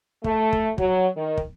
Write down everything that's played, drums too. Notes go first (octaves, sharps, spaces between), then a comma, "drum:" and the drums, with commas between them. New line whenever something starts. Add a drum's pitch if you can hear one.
A3, drum: kick
drum: kick
F#3, drum: kick
D#3
drum: kick